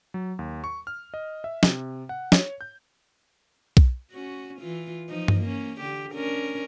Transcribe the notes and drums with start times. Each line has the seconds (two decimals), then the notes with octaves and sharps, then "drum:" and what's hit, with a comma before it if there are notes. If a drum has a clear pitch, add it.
0.14 F#3
0.39 D#2
0.64 C#6
0.87 F6
1.14 D#5
1.44 E5
1.63 C3, drum: snare
2.09 F#5
2.32 C#5, drum: snare
2.61 G6
3.77 drum: kick B1
4.12 C#4 F#4
4.59 E3 F4
5.09 F3 D#4
5.28 drum: tom G2
5.40 A#3 C#4
5.80 D3 G4
6.12 C#4 D4 A#4